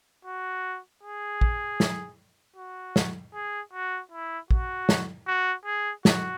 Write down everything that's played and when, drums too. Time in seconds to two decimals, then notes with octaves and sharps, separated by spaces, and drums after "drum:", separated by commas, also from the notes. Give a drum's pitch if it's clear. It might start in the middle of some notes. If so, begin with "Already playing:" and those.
0.25 F#4
1.03 G#4
1.41 drum: kick
1.80 drum: snare
2.57 F#4
2.96 drum: snare
3.34 G#4
3.73 F#4
4.12 E4
4.51 F#4, drum: kick
4.89 drum: snare
5.27 F#4
5.65 G#4
6.05 F#4, drum: snare